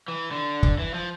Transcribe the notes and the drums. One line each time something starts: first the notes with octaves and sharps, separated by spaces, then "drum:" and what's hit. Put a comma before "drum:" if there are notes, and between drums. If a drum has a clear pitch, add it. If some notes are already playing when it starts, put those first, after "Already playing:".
E3
D3
drum: kick
E3
F3